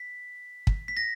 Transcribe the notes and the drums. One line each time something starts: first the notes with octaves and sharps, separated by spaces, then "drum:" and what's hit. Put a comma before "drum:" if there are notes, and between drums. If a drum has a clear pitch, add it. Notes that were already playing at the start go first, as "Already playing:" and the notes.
Already playing: B6
drum: kick
B6
A#6